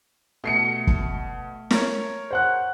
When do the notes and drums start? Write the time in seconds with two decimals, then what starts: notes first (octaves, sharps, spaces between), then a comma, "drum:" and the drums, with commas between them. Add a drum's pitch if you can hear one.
0.44 B2 A3 C7 C#7
0.87 drum: kick
1.71 A#4 C#5, drum: snare
2.31 C5 F#5 F#6